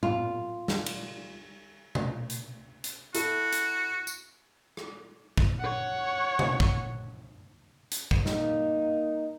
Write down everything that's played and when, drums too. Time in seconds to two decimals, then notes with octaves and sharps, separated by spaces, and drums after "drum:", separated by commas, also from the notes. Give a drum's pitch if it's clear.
0.03 F4, drum: tom A2
0.68 drum: snare
0.86 drum: cymbal
1.95 drum: tom B2
2.30 drum: hi-hat
2.84 drum: hi-hat
3.14 E4 F#4 A4, drum: hi-hat
3.52 drum: hi-hat
4.07 drum: tambourine
4.77 drum: rim click
5.37 drum: kick
5.60 C#5 F#5
6.39 drum: tom B2
6.60 drum: kick
7.91 drum: hi-hat
8.11 drum: kick
8.26 A#3 D#4, drum: snare